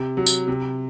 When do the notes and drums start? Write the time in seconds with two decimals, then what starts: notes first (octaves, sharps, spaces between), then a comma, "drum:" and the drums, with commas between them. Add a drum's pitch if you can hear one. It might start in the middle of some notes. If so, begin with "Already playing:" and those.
Already playing: C3
0.17 F#3
0.27 drum: tambourine
0.48 C3